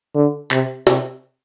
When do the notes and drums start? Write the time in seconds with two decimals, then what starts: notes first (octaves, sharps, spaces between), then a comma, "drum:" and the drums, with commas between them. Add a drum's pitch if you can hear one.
0.15 D3
0.51 C3, drum: clap
0.87 C3, drum: snare